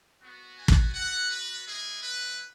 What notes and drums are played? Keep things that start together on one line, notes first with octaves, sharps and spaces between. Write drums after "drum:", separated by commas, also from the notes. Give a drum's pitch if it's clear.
B3 F#4
G#5
drum: kick
B3 F#4 F#5
B4
G#3 E4 G#4
B4